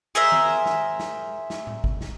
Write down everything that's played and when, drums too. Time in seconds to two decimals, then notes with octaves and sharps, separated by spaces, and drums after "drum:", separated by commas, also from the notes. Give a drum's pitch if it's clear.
0.15 G#4 A#4 C5 E5
0.32 drum: tom D#3
0.66 drum: snare
0.99 drum: snare
1.50 drum: snare
1.67 drum: tom A2
1.84 drum: kick
2.01 drum: snare